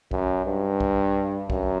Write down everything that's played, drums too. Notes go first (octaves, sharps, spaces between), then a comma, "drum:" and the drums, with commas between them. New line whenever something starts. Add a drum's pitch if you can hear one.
F#2, drum: kick B1
G2
drum: kick B1
F#2, drum: kick B1